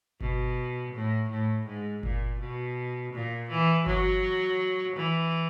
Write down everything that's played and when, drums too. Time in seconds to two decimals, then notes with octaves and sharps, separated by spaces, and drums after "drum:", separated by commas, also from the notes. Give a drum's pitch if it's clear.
0.21 B2, drum: kick G1
0.94 A2
1.30 A2
1.67 G#2
2.03 A#2, drum: kick G1
2.40 B2
3.13 A#2
3.50 E3
3.86 F#3, drum: kick G1
4.96 E3